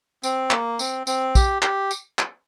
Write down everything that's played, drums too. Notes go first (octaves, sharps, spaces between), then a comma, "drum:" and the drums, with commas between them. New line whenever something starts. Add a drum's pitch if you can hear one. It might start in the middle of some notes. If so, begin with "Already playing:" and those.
C4, drum: tambourine
A#3, drum: clap
C4, drum: tambourine
C4, drum: tambourine
G4, drum: kick, tambourine
G4, drum: clap
drum: tambourine
drum: clap